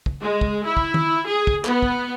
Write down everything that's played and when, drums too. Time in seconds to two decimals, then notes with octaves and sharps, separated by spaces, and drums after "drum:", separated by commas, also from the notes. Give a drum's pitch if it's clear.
0.06 drum: kick
0.20 G#3
0.41 drum: kick
0.65 E4
0.77 drum: kick
0.94 drum: tom D#3
1.26 G#4
1.47 drum: kick
1.65 B3, drum: clap
1.82 drum: kick